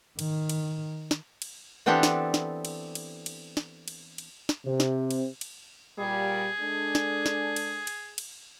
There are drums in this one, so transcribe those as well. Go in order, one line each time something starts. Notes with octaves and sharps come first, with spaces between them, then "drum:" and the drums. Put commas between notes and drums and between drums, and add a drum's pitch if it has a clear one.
D#3, drum: cymbal
drum: cymbal
drum: snare
drum: cymbal
E3 B3 C4 D4 G4 A4
drum: snare
drum: snare
drum: cymbal
drum: cymbal
drum: cymbal
drum: snare
drum: cymbal
drum: cymbal
drum: snare
C3
drum: snare
drum: cymbal
drum: cymbal
A#2 G3 G#4
G#3 D4 A4
drum: snare
drum: snare
drum: cymbal
drum: cymbal
drum: cymbal